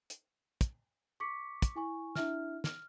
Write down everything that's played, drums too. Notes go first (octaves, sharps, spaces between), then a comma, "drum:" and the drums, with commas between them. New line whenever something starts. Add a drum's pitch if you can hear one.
drum: hi-hat
drum: kick, hi-hat
C#6 D6 B6 C#7
drum: kick, hi-hat
E4 G#5 C#6
D4 E4 E5 F6, drum: snare
F6, drum: snare